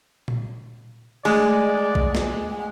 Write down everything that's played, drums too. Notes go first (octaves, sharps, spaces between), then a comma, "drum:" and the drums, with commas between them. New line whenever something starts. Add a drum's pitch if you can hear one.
drum: tom A#2
G#3 A3 D5, drum: cymbal
drum: kick A#1
drum: snare